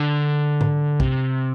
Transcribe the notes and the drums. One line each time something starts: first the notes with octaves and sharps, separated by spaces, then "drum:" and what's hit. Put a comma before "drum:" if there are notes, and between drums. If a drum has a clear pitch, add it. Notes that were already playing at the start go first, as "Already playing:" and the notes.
Already playing: D3
drum: tom G#2
C3, drum: kick A#1